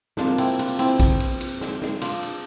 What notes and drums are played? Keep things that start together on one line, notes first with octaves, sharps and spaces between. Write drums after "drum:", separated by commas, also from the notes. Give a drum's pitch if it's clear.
F2 C3 F3 A#3 D4 F4, drum: snare
C4 E4, drum: cymbal
D4 F4, drum: cymbal
C4 E4, drum: cymbal
drum: kick A#1, cymbal
drum: cymbal
drum: cymbal
drum: snare
drum: snare
D4 F4, drum: cymbal
drum: cymbal